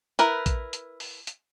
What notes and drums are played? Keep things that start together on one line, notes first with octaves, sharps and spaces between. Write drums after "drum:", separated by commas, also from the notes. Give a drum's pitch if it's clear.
E4 A#4 B4, drum: hi-hat
drum: kick A#1, hi-hat
drum: hi-hat
drum: open hi-hat
drum: hi-hat